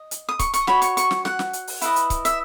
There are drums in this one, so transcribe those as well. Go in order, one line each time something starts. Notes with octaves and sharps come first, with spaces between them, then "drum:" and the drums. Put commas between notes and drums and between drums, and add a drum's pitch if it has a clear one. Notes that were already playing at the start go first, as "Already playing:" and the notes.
Already playing: D#5
drum: hi-hat
D#6
C#6, drum: kick C#1, hi-hat
C#6, drum: hi-hat
F#4 C#5 B5, drum: snare
C#6, drum: hi-hat
C#6, drum: hi-hat
drum: snare
F#5, drum: snare
drum: snare
drum: hi-hat
drum: open hi-hat
E4 B4 D#5, drum: hi-hat
drum: hi-hat
drum: kick C#1, hi-hat
E5, drum: hi-hat